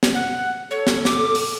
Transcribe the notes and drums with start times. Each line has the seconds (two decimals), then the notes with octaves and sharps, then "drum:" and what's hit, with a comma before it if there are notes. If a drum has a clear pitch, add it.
0.03 drum: snare
0.15 F#5
0.71 A4 C#5
0.87 drum: snare
1.05 D6, drum: snare
1.35 drum: open hi-hat